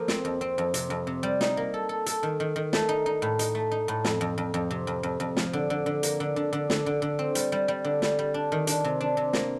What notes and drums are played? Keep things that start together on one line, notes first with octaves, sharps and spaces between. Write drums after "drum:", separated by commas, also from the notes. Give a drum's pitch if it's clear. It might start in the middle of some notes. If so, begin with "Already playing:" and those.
Already playing: F3 A#3 A4
C4, drum: snare
F2
C4
F2
C3, drum: hi-hat
F2
C3
G3
D#4, drum: snare
A#3
A4
A4
A4, drum: hi-hat
D#3
D#3
D#3
A3, drum: snare
D#4
D#4
A2
D#4, drum: hi-hat
A3
D#4
A2
F2, drum: snare
F2
F2
F2
C3
F2
F2
F2
F3, drum: snare
D3
D3
D3
A#3, drum: hi-hat
D3
D3
D3
D3, drum: snare
D3
D3
C4
G3, drum: hi-hat
G3
G3
D3
G3, drum: snare
G3
D4
D#3
D4, drum: hi-hat
C3
D4
C3
A#3, drum: snare